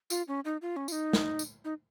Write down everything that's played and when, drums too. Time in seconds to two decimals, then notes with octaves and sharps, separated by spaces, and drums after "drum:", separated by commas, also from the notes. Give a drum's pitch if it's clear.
0.10 F4, drum: tambourine
0.28 C#4
0.45 D#4
0.62 F4
0.76 C#4
0.88 F4, drum: tambourine
0.92 D#4
1.13 drum: snare
1.39 drum: tambourine
1.64 D#4